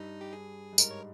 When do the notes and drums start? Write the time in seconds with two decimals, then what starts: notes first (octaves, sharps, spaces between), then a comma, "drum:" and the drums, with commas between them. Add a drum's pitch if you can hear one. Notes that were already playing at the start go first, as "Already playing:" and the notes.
Already playing: G2 D#4
0.21 G4
0.33 G#4
0.73 G2
0.78 G#2 A#4, drum: tambourine
0.91 C#5